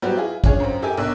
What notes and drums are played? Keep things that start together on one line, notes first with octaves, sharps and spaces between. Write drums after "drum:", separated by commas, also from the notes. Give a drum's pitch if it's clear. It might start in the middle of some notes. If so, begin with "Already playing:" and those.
F#3 G3 B3 C4 F#4 G4
E4 F4 G#4
C#4 D4 F4 G#4 C#5, drum: kick, hi-hat
F#2 C4
G4 A4 A#4 E5 G5 G#5
B1 D4 A#4 E6 F#6